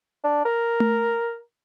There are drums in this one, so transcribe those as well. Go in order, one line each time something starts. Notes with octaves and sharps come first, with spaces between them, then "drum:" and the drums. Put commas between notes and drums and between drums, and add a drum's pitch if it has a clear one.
D4
A#4
drum: tom A3